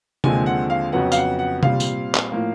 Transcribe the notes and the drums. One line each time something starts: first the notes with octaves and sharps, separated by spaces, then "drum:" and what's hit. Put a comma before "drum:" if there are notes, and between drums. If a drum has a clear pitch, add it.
D#2 D3 F3 G#3 C4 G#5, drum: tom C3
F#5
F5
F2 C#3 F#3 B3 F#5
F5, drum: tambourine
F#5
F#5
A#2 G3 C4 F5, drum: tom C3
drum: tambourine
drum: clap
A2 F3 A#3